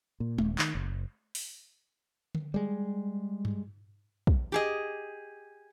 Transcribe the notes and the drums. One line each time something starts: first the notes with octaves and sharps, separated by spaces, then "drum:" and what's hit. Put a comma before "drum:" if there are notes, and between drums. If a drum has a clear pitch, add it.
A#2
D#1, drum: tom G#3
D#3, drum: clap
F#1
drum: open hi-hat
drum: tom D3
G3 G#3
drum: tom G2
drum: kick
G4 G#4 D#5